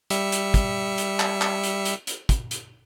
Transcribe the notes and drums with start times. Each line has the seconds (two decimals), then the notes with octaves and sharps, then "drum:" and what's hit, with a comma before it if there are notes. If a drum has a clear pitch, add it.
0.10 G3 E5 C#7, drum: hi-hat
0.32 drum: hi-hat
0.54 drum: kick, hi-hat
0.98 drum: hi-hat
1.20 drum: clap
1.42 drum: clap
1.63 drum: hi-hat
1.85 drum: hi-hat
2.07 drum: hi-hat
2.29 drum: kick, hi-hat
2.51 drum: hi-hat